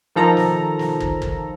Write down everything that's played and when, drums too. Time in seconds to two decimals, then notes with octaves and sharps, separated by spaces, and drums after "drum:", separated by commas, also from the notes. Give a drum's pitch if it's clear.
0.16 D#3 F3 A4 A#5
0.37 drum: snare
0.79 drum: snare
1.00 drum: kick
1.22 drum: kick